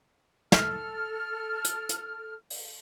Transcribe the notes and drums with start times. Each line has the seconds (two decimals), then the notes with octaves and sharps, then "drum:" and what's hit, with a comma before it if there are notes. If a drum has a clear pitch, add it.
0.52 A4 F6, drum: snare
1.65 drum: hi-hat
1.89 drum: hi-hat
2.50 drum: open hi-hat